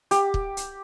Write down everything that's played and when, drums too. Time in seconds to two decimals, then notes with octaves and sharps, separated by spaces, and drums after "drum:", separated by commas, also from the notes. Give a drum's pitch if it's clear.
0.11 G4, drum: hi-hat
0.34 drum: kick
0.57 drum: hi-hat